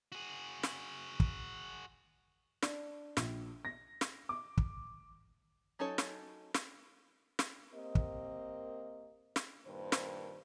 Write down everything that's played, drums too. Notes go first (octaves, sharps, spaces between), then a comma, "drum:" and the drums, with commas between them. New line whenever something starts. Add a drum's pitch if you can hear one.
F#4 G#4
drum: snare
drum: kick
D4, drum: snare
A#1, drum: snare
A#6
drum: snare
D6
drum: kick
F#3 C#4 D#4 A4 C#5
drum: snare
drum: snare
drum: snare
A#3 C4 G4 A#4 D#5
drum: kick
drum: snare
G2 A#2 D#3 C5
drum: snare